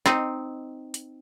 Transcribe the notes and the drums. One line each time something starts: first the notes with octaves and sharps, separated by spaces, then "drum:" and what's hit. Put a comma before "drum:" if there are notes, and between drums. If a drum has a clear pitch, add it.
C4 D#4, drum: snare
drum: hi-hat